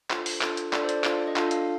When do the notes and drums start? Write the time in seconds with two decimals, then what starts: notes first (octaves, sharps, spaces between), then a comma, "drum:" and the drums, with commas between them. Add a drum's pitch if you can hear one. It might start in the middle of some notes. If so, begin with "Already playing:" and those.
0.10 D4 F4 A4 C5, drum: clap
0.26 drum: open hi-hat
0.41 D4 F4 A4, drum: clap
0.57 drum: hi-hat
0.73 D4 F4 A4 D5, drum: clap
0.84 C5
0.89 D5, drum: hi-hat
1.04 D4 F4 A4 F5, drum: clap
1.27 D#5
1.36 D4 F4 A4 F5, drum: clap
1.51 F5, drum: hi-hat